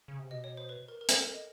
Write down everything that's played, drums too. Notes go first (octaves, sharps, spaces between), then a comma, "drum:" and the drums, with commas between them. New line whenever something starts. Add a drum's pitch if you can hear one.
C#3
C3
B2 D#5
C#5
C5
B4
A#4
A#4
A4, drum: hi-hat
A#4
D#5